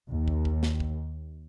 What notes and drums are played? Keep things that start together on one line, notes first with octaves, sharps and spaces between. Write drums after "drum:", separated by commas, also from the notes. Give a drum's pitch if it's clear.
D#2
drum: kick
drum: kick
drum: snare
drum: kick